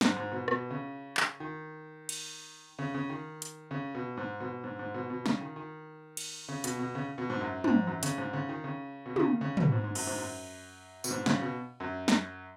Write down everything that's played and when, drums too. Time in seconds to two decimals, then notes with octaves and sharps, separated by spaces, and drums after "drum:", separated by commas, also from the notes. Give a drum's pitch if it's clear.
0.01 G#2, drum: snare
0.16 G#2
0.32 B2
0.48 B2, drum: rim click
0.71 C#3
1.17 drum: clap
1.40 D#3
2.09 drum: cymbal
2.79 C#3
2.94 C#3
3.10 D#3
3.42 drum: hi-hat
3.71 C#3
3.95 B2
4.17 G#2
4.40 B2
4.64 G#2
4.79 G#2
4.94 B2
5.10 B2
5.26 C#3, drum: snare
5.41 D#3
5.56 D#3
6.17 drum: cymbal
6.49 C#3
6.64 B2, drum: hi-hat
6.79 B2
6.95 C#3
7.18 B2
7.30 G#2
7.41 F#2
7.64 G#2, drum: tom
7.87 F#2
8.03 C#3, drum: hi-hat
8.18 G#2
8.33 C#3
8.49 D#3
8.64 C#3
9.06 B2
9.16 C#3, drum: tom
9.26 D#3
9.41 C#3
9.57 B2, drum: tom
9.72 G#2
9.84 G#2
9.95 F#2, drum: cymbal
10.07 G#2
10.18 F#2
11.04 B2, drum: tambourine
11.11 G#2
11.26 C#3, drum: snare
11.41 B2
11.80 F#2
12.08 drum: snare